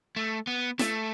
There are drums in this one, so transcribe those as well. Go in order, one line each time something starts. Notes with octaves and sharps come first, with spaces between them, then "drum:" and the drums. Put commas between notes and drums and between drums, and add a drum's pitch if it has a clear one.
A3
B3
A3, drum: snare